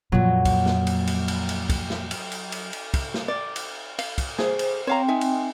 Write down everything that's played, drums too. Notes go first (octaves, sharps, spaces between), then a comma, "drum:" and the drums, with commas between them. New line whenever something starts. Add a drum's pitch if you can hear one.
F2 A#2 F#3
drum: kick, cymbal
drum: snare
drum: cymbal
drum: cymbal
drum: cymbal
drum: cymbal
drum: kick, cymbal
drum: snare
drum: cymbal
drum: cymbal
drum: cymbal
drum: cymbal
drum: kick, cymbal
drum: snare
D5
drum: cymbal
F5, drum: cymbal
drum: kick, cymbal
G#4 C5, drum: snare
drum: cymbal
C4 C#5 F5 G5 A#5
D#4 E5 G#5
drum: cymbal